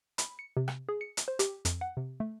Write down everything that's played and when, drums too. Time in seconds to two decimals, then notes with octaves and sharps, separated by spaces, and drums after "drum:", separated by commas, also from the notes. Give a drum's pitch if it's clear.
0.18 B5, drum: hi-hat
0.39 C#7
0.57 C3
0.68 drum: rim click
0.89 G#4
1.01 C#7
1.17 drum: hi-hat
1.28 C5
1.39 G4, drum: hi-hat
1.65 F2, drum: hi-hat
1.81 F#5
1.97 C3
2.20 A3